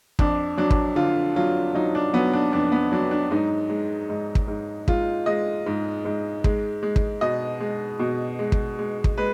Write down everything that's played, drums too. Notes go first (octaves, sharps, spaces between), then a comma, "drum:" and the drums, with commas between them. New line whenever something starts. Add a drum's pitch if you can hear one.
F2 D4, drum: kick
F#3 D4
drum: kick
D3 F4
F#3 F4
F#3 D#4
D4
F#3 B3
D4
F2 D4
B3
F#3 D4
D4
G#2 D#4
G#3
G#2
drum: kick
G#2
G#3 F4, drum: kick
G#3 D#5
G#2
G#2
G#3, drum: kick
G#3
drum: kick
B2 D#5
G#3
B2
G#3
drum: kick
G#3
drum: kick
G#3 B4